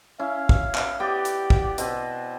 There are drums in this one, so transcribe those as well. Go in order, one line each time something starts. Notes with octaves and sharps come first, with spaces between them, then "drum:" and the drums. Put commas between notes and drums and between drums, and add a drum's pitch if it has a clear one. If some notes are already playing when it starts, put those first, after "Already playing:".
C#4 E4 F5
drum: kick
drum: clap
B3 G4 D5 G5
drum: hi-hat
drum: kick
B2 C4 B4, drum: hi-hat